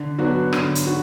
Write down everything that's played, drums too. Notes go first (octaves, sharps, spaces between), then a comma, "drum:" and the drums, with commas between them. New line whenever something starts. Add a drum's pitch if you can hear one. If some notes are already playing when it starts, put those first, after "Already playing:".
Already playing: D3
F#3 B3 D4 F#4
D3, drum: rim click
drum: hi-hat
F#4